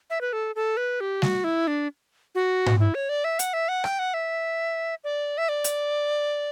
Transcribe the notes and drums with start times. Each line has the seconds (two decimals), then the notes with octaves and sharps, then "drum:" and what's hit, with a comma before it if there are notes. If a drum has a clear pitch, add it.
0.10 E5
0.21 B4
0.33 A4
0.55 A4
0.77 B4
1.01 G4
1.22 F#4, drum: snare G3
1.44 E4
1.67 D4
2.35 F#4
2.66 drum: tom G#2
2.80 E4
2.95 C#5
3.09 D5
3.24 E5
3.39 F#5, drum: hi-hat
3.53 E5
3.69 F#5
3.84 G5, drum: rim click
3.99 F#5
4.14 E5
5.04 D5
5.38 E5
5.49 D5
5.64 drum: hi-hat